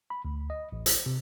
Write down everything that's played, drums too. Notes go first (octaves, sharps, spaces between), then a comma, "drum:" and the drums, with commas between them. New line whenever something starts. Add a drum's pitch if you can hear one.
B5
D2
D#5
A1
drum: hi-hat
C3